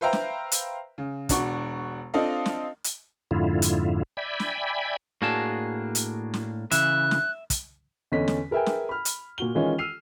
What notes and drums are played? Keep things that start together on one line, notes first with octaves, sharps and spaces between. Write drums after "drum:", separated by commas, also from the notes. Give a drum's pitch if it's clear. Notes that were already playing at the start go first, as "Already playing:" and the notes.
B4 C5 E5 F5 G5 A#5
drum: snare
drum: hi-hat
C#3
E1 D4 F#4 C#6, drum: kick, hi-hat
C4 D4 F4 A4 D#5 F5
drum: snare
drum: hi-hat
F2 G#2 D3 E4 F4
drum: hi-hat
D5 E5 G5 G#5 B5
drum: snare
A2 A#3 D4 F#4 G#4 A5
drum: hi-hat
drum: snare
C#3 E3 E5 F#6, drum: hi-hat
drum: snare
drum: kick, hi-hat
E2 D3 C#4 D#5 B6
drum: snare
G#4 A#4 B4 E5 G5 G#5
drum: snare
B5 F6
drum: hi-hat
A#2 F#4 G7
D#3 E3 G#3 C#4 F4
E6 F6 C7 D#7 F7